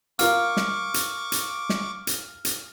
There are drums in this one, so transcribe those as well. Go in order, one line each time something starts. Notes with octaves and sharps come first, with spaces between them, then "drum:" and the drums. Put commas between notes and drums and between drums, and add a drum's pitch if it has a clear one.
F4 A#4 F5 C#6 D6 F6, drum: hi-hat
drum: snare
drum: hi-hat
drum: hi-hat
drum: snare
drum: hi-hat
drum: hi-hat